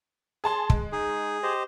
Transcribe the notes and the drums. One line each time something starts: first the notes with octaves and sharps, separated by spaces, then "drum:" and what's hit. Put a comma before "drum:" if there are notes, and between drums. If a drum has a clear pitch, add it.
G#4 A5 C6
G#3, drum: kick
D#4 G#4
G4 C5 D#5